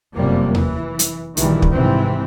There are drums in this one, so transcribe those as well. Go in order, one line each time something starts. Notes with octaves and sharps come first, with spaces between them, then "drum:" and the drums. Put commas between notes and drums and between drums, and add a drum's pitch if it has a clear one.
F1 F#2 C3 G3 A#3
E3, drum: tom D#2
drum: hi-hat
A#1 G2 D#3 E3 G3, drum: hi-hat
drum: kick
G#2 C3 E3 C4